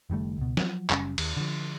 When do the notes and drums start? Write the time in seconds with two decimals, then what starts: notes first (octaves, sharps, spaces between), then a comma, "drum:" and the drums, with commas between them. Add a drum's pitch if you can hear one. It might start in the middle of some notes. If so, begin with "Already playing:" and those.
0.10 F#1 D#3 G3 A3
0.38 C#2 B2
0.57 F3 F#3, drum: snare
0.90 F#1 G3 C#4, drum: clap
1.18 D#2, drum: cymbal
1.37 D3 F3